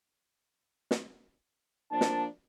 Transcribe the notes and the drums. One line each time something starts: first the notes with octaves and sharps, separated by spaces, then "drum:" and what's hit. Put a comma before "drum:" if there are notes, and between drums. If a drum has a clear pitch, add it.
drum: snare
F3 A#3 D4 A5
drum: snare